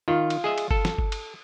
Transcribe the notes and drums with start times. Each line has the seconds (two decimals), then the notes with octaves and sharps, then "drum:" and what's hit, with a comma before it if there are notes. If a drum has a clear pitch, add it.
0.08 D#3 F4
0.30 drum: cymbal
0.44 G#4 D#5 E5
0.58 drum: cymbal
0.71 A4, drum: kick G1
0.85 drum: snare
0.98 drum: kick G1
1.12 drum: cymbal